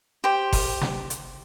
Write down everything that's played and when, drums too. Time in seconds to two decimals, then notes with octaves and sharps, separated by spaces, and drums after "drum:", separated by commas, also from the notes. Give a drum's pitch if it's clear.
0.24 G4 C5
0.53 drum: kick F#1, open hi-hat
0.81 drum: snare
1.10 drum: hi-hat